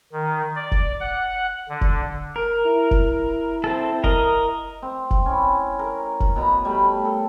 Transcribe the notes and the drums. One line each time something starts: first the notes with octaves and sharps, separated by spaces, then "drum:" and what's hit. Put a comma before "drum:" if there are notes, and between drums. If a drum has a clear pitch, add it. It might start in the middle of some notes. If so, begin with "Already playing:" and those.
D#3
D5
drum: kick
F#5
D3
drum: kick
A#4
E4
drum: kick
C4 A4
A#4 D#5, drum: kick
C4
drum: kick
C#4 E4
A#4
drum: kick
B2 A#5 B5
G3 A3 B5
A4 A#4